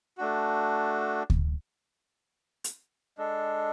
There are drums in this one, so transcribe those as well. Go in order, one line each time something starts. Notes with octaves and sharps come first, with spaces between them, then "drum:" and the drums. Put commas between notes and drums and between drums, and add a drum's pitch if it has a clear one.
A3 D4 F#4
drum: kick D2
drum: hi-hat
G#3 D4 A4